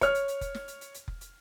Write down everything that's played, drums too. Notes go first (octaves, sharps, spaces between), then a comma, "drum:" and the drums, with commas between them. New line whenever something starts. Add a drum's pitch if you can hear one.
C#5 F6, drum: kick F1, hi-hat
drum: hi-hat
drum: hi-hat
drum: kick F1, hi-hat
drum: snare
drum: hi-hat
drum: hi-hat
drum: hi-hat
drum: kick F1
drum: hi-hat